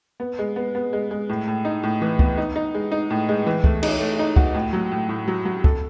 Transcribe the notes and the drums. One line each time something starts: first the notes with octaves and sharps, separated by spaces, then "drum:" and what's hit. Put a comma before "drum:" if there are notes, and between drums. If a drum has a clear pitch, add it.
B3
G#3
B3
B3
G#3
G#3
A2
A2
D#4
A2
E3
B3, drum: kick
D#4
D#4
G#3
D#4
A2
G#3
E3
A3, drum: kick
D#4, drum: cymbal
A3
D#4
F#4, drum: kick
A2
F#3
A2
A2
F#3
F#3
A4, drum: kick